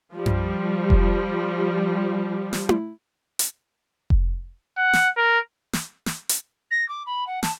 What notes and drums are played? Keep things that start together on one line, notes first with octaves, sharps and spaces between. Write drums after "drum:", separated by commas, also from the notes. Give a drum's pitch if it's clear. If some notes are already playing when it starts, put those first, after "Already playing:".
F3 G3
drum: tom F#2
drum: kick F1
drum: snare
drum: tom E4
drum: hi-hat
drum: kick F1
F#5
drum: snare
A#4
drum: snare
drum: snare
drum: hi-hat
A#6
D6
B5
F#5
A5, drum: snare